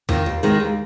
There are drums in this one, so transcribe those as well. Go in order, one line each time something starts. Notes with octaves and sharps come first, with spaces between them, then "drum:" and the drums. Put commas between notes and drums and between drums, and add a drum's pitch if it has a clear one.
D#3 A#3 F4, drum: tom E2
D#2
D#3 G#3 D#4
D#2